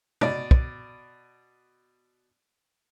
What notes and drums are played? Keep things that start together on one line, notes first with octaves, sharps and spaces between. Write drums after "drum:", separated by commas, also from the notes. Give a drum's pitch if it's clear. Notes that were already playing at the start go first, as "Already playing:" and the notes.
B2 D5, drum: tom
drum: kick